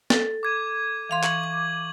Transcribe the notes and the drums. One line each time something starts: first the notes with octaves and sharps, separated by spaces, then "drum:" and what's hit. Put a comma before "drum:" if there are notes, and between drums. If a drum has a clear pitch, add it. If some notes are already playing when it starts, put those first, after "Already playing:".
A4, drum: snare
D6 G#6 D#7
E3 F5 C6
C#6 G#6 F#7, drum: clap
D6